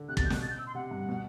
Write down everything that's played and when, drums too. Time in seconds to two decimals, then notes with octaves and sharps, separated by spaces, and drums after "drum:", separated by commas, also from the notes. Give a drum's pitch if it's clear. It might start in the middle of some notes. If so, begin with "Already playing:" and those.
Already playing: D3
0.09 C3 F#6
0.17 A6, drum: kick
0.20 B2
0.25 G6
0.30 B2 F#6, drum: snare
0.42 A6
0.50 G6
0.59 E6
0.66 C6
0.74 C3 F#5
0.91 G2
1.08 B2